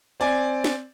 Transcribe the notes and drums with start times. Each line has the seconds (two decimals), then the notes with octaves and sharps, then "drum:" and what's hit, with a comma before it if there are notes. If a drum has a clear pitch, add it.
0.20 C4 D5 G#5
0.64 drum: snare